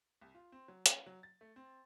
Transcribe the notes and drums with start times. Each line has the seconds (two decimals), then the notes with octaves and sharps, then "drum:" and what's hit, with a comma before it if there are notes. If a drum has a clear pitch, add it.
0.21 C2
0.35 F4
0.52 C4
0.68 F#3
0.86 C#4, drum: hi-hat
1.06 F#3
1.23 A6
1.41 A3
1.56 C4